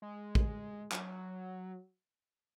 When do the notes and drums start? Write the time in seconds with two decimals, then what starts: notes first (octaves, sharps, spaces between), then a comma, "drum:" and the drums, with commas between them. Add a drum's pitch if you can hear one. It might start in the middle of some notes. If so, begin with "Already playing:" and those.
0.02 G#3
0.35 drum: kick
0.92 F#3, drum: clap